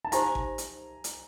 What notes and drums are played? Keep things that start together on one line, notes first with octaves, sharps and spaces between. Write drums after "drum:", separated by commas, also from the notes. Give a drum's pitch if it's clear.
A5
D#4 G4 C5 G#5 A#5, drum: hi-hat
drum: kick G#1
drum: hi-hat
drum: hi-hat